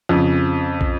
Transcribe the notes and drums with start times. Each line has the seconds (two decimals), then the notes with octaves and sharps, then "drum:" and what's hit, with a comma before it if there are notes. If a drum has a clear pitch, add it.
0.09 F2 C#3
0.81 drum: kick